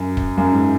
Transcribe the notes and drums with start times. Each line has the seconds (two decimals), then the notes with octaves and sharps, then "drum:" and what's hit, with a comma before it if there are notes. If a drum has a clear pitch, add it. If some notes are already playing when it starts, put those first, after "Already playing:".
Already playing: F#2
0.17 drum: kick
0.37 F#2
0.52 G#2